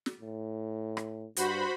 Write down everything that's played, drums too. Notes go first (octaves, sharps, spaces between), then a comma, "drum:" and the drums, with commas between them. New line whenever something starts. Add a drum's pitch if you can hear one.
drum: snare
A2
drum: rim click
G2 F#4 C5 B5, drum: hi-hat